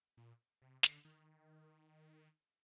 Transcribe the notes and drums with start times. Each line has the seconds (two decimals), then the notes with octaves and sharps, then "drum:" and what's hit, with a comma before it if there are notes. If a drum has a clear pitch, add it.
0.17 A#2
0.62 C3
0.83 D3, drum: snare
1.05 D#3